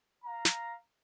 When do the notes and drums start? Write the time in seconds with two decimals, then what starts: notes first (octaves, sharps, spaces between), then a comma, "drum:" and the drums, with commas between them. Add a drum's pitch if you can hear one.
0.24 F5 A#5
0.45 drum: snare